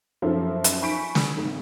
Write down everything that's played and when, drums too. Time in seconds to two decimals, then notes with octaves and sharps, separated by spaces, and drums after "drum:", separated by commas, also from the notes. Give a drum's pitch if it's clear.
0.22 F#2 F3 E4 A4 C5 E5
0.64 drum: hi-hat
0.82 G#5 B5 C#6 G6 B6 D7
1.15 drum: snare
1.37 G#1